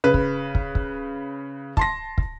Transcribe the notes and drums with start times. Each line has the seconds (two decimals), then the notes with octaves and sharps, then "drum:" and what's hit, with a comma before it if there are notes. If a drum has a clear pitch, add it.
0.04 C#3 B4
0.14 drum: kick
0.55 drum: kick
0.75 drum: kick
1.77 A5 C6 A#6, drum: kick
2.18 drum: kick